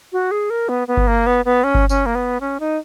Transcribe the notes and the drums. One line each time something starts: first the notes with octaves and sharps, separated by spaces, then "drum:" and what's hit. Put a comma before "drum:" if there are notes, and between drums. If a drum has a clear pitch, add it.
F#4
G#4
A#4
B3
B3
drum: kick G1
A#3
B3
B3
C#4
drum: kick G1
C#4, drum: tambourine
A#3
B3
C#4
D#4